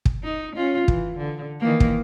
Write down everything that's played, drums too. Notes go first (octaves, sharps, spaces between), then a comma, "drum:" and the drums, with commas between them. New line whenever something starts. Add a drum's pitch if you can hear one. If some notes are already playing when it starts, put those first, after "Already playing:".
drum: kick
D#4
C#4 F4
E3, drum: kick
D3
D#3 E3 A#3
drum: kick